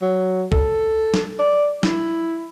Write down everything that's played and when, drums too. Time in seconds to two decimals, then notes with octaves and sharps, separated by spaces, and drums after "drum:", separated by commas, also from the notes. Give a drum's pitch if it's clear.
0.02 F#3
0.52 A4, drum: kick
1.14 drum: snare
1.39 D5
1.83 E4, drum: snare